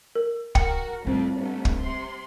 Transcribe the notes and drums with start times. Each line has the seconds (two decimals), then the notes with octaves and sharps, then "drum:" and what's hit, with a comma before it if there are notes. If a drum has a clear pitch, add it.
0.15 A#4
0.55 F#4 A#4 G5, drum: kick
1.05 F2 A2 G3 C4
1.37 G1 A3
1.65 drum: kick
1.83 C3 C6